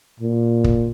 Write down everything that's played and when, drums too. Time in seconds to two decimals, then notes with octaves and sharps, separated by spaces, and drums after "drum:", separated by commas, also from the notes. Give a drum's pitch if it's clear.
0.20 A#2
0.64 drum: kick